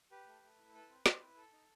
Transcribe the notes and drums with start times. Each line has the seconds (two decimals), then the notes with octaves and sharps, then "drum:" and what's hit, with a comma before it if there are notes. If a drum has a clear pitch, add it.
0.11 G4 B4
0.27 A3
0.43 A3
0.59 E4
0.74 A4 B4
0.89 C4
1.06 C4, drum: snare
1.21 E4
1.37 A4
1.53 D#4